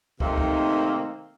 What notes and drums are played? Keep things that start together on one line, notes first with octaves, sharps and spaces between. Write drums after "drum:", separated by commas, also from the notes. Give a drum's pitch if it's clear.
C3 D#3 A3 A#3 C4 D#4, drum: kick
drum: kick